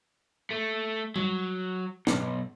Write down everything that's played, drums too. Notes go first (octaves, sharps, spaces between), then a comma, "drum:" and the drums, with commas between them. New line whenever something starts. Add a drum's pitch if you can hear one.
A3
F#3, drum: tom G3
B1, drum: snare